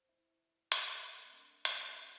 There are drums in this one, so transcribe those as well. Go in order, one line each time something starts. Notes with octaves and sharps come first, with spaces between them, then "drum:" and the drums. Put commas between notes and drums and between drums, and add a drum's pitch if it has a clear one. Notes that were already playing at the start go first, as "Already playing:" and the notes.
Already playing: C5
E4
A#4, drum: hi-hat
A3
A#3
C4
D4
C4, drum: hi-hat
D5
G4 C5